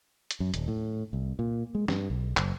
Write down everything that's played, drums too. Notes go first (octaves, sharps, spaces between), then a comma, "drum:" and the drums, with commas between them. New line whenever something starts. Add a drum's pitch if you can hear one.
drum: hi-hat
F#2
D#1, drum: hi-hat
A2
C2
A#2
G#3
G2, drum: snare
B1
F#1, drum: clap